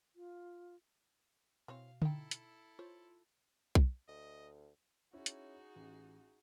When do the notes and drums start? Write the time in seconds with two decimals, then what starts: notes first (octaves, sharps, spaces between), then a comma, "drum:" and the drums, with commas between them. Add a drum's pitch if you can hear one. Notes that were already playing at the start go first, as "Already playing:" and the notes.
0.16 F4
1.68 B2 E3 C4 C#5 F5
2.02 D#4 E4 A4 G5, drum: tom D3
2.31 drum: hi-hat
2.79 F4 C5 C#5
3.75 drum: kick B1
4.08 D2 D#5
5.13 C#4 D#4 E4 F#4 G#4 C#5
5.26 drum: hi-hat
5.76 A1